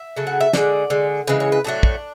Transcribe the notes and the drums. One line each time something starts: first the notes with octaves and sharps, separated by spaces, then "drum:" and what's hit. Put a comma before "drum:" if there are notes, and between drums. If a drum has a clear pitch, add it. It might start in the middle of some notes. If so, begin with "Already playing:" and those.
Already playing: E5
C#3 F#3 A3
F#5
E5
D3 G#3 D5, drum: snare
D3 G#3
C#3 E3 G#3 B4
C#5
B4
A2 F#3 A3 D4
drum: kick